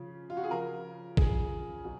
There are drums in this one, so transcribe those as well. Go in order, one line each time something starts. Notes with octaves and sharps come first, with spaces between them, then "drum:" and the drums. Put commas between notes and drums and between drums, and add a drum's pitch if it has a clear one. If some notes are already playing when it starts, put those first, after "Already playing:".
Already playing: C#3 F3
F4
F#4
G#4
C#3 F3 A#4
G#4, drum: kick
B2 F#3